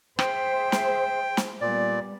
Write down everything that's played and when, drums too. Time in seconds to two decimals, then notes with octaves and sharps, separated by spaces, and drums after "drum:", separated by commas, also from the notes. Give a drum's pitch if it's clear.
0.19 G#4 C5 E5 G5, drum: rim click
0.72 drum: snare
1.37 drum: snare
1.61 A#2 G3 B3 D5